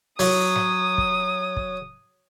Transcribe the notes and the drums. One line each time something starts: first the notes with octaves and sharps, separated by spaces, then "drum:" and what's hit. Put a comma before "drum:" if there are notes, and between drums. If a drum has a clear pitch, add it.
F#3 D#6, drum: open hi-hat
drum: snare
drum: kick
drum: kick